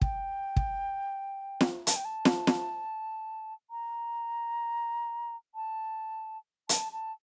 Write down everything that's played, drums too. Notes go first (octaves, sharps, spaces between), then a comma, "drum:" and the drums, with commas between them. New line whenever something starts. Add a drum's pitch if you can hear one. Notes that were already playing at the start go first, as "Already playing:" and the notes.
G5, drum: kick
drum: kick
drum: snare
A5, drum: hi-hat
G5
A5
drum: snare
drum: snare
A#5
A5
A5, drum: hi-hat
A5